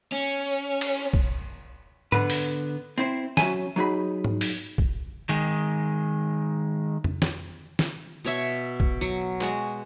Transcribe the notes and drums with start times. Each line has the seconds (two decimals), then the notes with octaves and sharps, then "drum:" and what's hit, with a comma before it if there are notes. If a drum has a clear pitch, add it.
0.12 C#4
0.81 drum: cymbal
1.13 drum: kick A#1
2.12 D3 B3 B4, drum: tom G#2
2.30 drum: open hi-hat
2.98 C4 E4 C5
3.37 F#3 C#4 E5 G#5, drum: snare
3.76 F#3 D#4 G#4 B5
4.24 drum: tom G#2
4.41 drum: open hi-hat
4.78 drum: kick A#1
5.29 D#3 G#3
7.04 drum: tom F2
7.22 drum: snare
7.79 drum: snare
8.24 B2 C#5 E5
8.80 drum: kick A#1
9.01 F#3, drum: tambourine
9.41 G#3 F#4, drum: clap